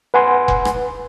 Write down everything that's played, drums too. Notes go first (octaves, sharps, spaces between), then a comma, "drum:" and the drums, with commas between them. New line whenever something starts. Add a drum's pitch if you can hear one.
B4 F#5 G#5 C6
drum: kick F1
drum: rim click